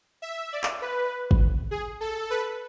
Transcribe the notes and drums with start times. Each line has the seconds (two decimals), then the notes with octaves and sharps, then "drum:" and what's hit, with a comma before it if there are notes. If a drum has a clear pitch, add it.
0.22 E5
0.53 D5
0.63 drum: clap
0.82 B4
1.31 drum: kick
1.71 G#4
2.01 A4
2.30 B4